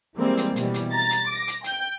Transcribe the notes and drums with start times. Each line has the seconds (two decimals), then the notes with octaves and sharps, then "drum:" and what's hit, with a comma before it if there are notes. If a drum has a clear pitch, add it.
0.15 E3 G3 G#3 A#3 C4
0.37 drum: hi-hat
0.56 B2 E3 G3, drum: hi-hat
0.74 drum: hi-hat
0.92 A#5 A6
1.11 drum: hi-hat
1.27 D6 A#6
1.48 drum: hi-hat
1.64 G5 G6, drum: hi-hat